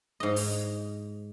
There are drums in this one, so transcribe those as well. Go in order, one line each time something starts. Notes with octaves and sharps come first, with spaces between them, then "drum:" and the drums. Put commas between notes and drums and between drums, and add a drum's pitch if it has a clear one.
G#2 D#5
drum: open hi-hat